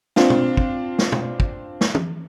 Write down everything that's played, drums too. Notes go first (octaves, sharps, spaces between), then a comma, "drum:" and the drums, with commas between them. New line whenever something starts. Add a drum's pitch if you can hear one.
C4 D4 F4, drum: snare
drum: tom
drum: kick
drum: snare
drum: tom
drum: kick
drum: snare
drum: tom